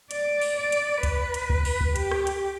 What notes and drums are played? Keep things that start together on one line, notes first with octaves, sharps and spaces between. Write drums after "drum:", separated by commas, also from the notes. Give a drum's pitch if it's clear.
D5, drum: hi-hat
drum: open hi-hat
D5
drum: hi-hat
B4, drum: kick, hi-hat
drum: hi-hat
drum: kick
drum: open hi-hat
drum: kick
G4, drum: hi-hat
drum: rim click
drum: hi-hat